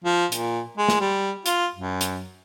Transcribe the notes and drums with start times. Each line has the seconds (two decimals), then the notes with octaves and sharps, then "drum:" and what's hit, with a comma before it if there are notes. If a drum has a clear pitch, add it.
0.04 F3
0.32 A#2, drum: hi-hat
0.78 G#3
0.88 drum: snare
1.00 G3
1.46 F4, drum: hi-hat
1.75 F#2
2.01 drum: hi-hat